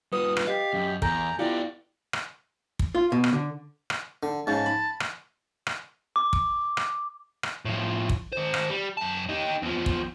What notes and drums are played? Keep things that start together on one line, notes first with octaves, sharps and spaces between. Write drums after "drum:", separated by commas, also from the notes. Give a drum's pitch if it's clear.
G3 F4 B4 D#6
drum: rim click
G4 D#5 F5
F#2
E2 A4 G#5 A#5 G6, drum: kick
B3 E4 F4 G4 D5 F5
drum: rim click
drum: kick
F4
B2
drum: rim click
D3
drum: rim click
D3
G#2 C#3 A5
B5
drum: rim click
drum: rim click
D6
drum: kick
drum: rim click
drum: rim click
A2 F3
drum: kick
D#3 C5
drum: rim click
G3
F#2 A5
D#4 G4
E2 F3
drum: kick